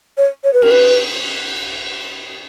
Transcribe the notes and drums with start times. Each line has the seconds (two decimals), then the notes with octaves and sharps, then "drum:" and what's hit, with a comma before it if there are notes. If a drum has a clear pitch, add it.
0.17 C#5
0.44 C#5
0.53 B4
0.62 A#4, drum: cymbal
0.71 B4